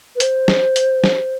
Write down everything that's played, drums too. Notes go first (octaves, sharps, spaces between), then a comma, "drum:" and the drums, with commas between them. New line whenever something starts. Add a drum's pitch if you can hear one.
B4
C5, drum: hi-hat
drum: snare
drum: hi-hat
drum: snare